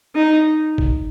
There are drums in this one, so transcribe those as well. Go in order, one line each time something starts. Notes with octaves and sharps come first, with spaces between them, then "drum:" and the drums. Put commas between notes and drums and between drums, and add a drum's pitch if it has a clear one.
D#4
drum: kick G#1